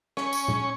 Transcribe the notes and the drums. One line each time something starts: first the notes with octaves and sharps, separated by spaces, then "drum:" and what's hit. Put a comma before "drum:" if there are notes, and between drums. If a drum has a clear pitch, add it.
C#4, drum: rim click
drum: tambourine
drum: tom A#2